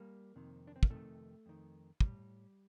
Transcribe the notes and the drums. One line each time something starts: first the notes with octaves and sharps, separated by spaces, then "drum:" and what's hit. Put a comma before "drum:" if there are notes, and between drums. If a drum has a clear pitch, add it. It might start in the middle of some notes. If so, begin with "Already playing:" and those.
Already playing: G3 A#3
F2 C3 D#3
D4
C4
A#3, drum: kick
F2 C3 D#3 A3
F2 D#3
A2 G3, drum: kick